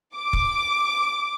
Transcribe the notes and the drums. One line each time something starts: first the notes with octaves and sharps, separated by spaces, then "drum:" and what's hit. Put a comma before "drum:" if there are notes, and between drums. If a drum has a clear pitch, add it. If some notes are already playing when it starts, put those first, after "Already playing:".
D6
drum: kick